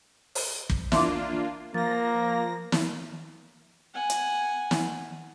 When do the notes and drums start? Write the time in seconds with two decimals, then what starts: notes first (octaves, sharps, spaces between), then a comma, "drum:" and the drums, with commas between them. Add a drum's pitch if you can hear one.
0.35 drum: open hi-hat
0.70 drum: kick
0.92 A#3 D4 F4 E5 C6 D6, drum: snare
1.74 F3 A#3 A6 A#6
2.72 drum: snare
3.94 F#5 G#5
4.10 drum: hi-hat
4.71 drum: snare